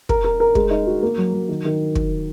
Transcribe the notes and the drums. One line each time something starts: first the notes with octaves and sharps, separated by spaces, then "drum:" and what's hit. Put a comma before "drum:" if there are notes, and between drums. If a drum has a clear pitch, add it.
A#4, drum: kick
A#4
A#4
G#3, drum: kick
D#4
F#4
A#3
F#3
F#3
D#3
D#3
drum: kick